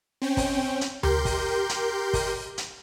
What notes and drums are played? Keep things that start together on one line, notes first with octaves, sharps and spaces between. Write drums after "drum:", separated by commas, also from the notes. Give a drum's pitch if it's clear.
C4 C#4 G5
drum: kick, open hi-hat
drum: hi-hat
G4 A#4 C6 G6, drum: tom D2
drum: kick, open hi-hat
drum: hi-hat
drum: kick, open hi-hat
drum: hi-hat